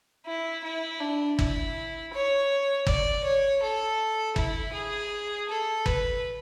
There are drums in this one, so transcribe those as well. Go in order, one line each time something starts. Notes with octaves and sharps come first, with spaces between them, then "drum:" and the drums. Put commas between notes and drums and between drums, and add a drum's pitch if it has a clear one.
E4
E4
D4
E4, drum: kick
C#5
D5, drum: kick
C#5
A4
E4, drum: kick
G#4
A4
B4, drum: kick